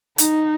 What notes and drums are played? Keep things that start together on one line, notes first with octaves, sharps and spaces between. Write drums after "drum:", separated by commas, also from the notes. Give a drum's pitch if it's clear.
D#4, drum: hi-hat